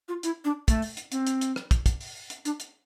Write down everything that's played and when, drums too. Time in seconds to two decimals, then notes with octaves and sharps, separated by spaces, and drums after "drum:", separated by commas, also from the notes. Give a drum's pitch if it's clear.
0.09 F4
0.23 E4, drum: hi-hat
0.45 D4
0.68 A3, drum: kick, hi-hat
0.82 drum: open hi-hat
0.97 drum: hi-hat
1.12 C4, drum: hi-hat
1.27 drum: hi-hat
1.41 drum: hi-hat
1.56 drum: rim click
1.71 drum: kick, hi-hat
1.86 drum: kick, hi-hat
2.01 drum: open hi-hat
2.30 drum: hi-hat
2.45 D4, drum: hi-hat
2.60 drum: hi-hat